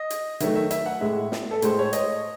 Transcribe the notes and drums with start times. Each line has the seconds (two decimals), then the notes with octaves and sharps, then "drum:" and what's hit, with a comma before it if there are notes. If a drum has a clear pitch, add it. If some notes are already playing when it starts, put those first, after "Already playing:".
Already playing: D#5
0.10 drum: hi-hat
0.40 D#3 F#3 A3 E5, drum: hi-hat
0.56 E5
0.71 E5, drum: hi-hat
0.86 F#5
1.01 A2 G#3 E5
1.32 drum: snare
1.51 A4
1.62 A2 G#3 C5, drum: hi-hat
1.79 C#5
1.93 D#5, drum: hi-hat